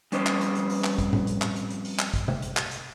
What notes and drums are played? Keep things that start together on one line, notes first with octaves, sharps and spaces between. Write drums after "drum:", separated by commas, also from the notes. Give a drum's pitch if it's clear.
F2 G3 C#4 B4 C5 D#5, drum: hi-hat
drum: clap
drum: hi-hat
drum: hi-hat
drum: open hi-hat
drum: clap
drum: kick, hi-hat
drum: tom A2
drum: hi-hat
drum: clap
drum: hi-hat
drum: hi-hat
drum: open hi-hat
drum: clap
drum: kick, hi-hat
drum: tom C3
drum: hi-hat
drum: clap
drum: hi-hat